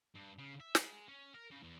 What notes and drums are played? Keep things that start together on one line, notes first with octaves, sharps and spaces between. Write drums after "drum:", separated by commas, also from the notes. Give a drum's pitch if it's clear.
G2
C#3
E5
G#3, drum: snare
C#4
A#4
C#3
E2